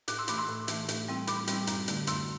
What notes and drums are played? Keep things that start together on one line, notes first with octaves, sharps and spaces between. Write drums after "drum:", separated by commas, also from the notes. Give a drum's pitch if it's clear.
A2 D6 F#6, drum: hi-hat
C6 E6
E3 A3 B5 D6, drum: hi-hat
C6 E6
A2
E3 A3, drum: hi-hat
A2, drum: hi-hat
G3 C4 E4
A2 B5 D6, drum: hi-hat
G3 C4 E4, drum: hi-hat
F#2, drum: hi-hat
D3 A3 E4, drum: hi-hat
F#2 C6 E6, drum: hi-hat